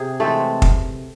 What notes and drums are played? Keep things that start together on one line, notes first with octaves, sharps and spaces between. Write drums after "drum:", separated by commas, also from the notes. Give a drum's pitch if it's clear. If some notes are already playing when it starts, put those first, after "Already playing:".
Already playing: C3 G#4
E3 G#3 A3 C4 A4
drum: kick